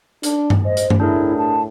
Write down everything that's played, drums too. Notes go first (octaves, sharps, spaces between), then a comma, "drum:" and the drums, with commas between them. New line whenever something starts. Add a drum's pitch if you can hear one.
D4, drum: hi-hat
drum: tom G2
C5 D#5
drum: hi-hat
drum: tom G2
A2 D4 E4 G#4 A#4
A5